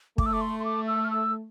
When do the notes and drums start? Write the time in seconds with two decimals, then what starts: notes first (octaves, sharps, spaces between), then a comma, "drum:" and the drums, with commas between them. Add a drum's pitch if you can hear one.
0.18 A3 D6, drum: kick
0.26 E6
0.33 D6
0.41 C6
0.60 C6
0.65 D6
0.88 E6
1.04 F6
1.11 E6